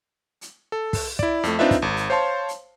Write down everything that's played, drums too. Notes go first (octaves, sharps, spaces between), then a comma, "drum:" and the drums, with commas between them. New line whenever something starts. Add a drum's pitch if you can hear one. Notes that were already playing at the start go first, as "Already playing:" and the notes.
drum: hi-hat
A4
drum: kick, open hi-hat
E4 D5, drum: kick
F2 A3, drum: hi-hat
C4 D4 D#4 F4 B4 E5
drum: kick, hi-hat
G#1
drum: hi-hat
C5 C#5 F5 A5 C6
drum: hi-hat